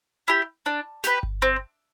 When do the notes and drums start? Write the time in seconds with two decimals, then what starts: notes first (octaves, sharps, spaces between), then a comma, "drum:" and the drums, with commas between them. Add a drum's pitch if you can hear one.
0.28 E4 G4
0.66 D4
1.04 G4 B4, drum: snare
1.23 drum: kick G1
1.42 C4